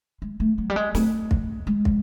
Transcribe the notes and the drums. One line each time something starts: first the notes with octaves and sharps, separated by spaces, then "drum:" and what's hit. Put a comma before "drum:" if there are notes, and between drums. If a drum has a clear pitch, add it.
G#3
A3
F#3
G3
G#3
A3, drum: snare
drum: kick
G#3
drum: kick